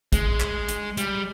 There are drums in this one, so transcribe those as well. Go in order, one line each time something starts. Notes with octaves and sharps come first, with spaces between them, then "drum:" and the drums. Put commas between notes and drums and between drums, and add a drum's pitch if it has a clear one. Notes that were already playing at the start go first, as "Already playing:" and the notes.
G#3, drum: kick, hi-hat
drum: clap
drum: hi-hat
G3, drum: hi-hat